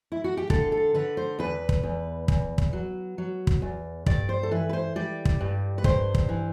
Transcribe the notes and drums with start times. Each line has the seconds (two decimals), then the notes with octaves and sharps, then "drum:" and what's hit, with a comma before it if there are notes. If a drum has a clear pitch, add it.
0.12 E4
0.24 F#4
0.37 G4
0.50 D3 A4, drum: kick
0.72 A4
0.94 D3 B4
1.17 C5
1.39 E2 B4
1.69 drum: kick
1.83 E2
2.28 E2, drum: kick
2.58 drum: kick
2.73 F#3
3.18 F#3
3.47 drum: kick
3.62 E2
4.06 G2 D5, drum: kick
4.29 C5
4.43 A4
4.51 E3 B4
4.69 B4
4.73 C5
4.96 G3 D5
5.25 drum: kick
5.41 G2
5.78 B4
5.84 G2 C5, drum: kick
6.15 drum: kick
6.29 E3